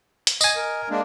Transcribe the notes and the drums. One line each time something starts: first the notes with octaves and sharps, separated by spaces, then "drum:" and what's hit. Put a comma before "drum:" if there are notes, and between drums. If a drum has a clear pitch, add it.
drum: hi-hat
D#5 G#5, drum: tambourine
A#4
G#3 A#3 D4